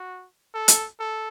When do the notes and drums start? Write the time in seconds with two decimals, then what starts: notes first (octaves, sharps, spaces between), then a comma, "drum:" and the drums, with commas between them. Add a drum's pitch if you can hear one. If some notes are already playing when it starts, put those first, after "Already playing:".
Already playing: F#4
0.54 A4
0.68 drum: hi-hat
1.00 A4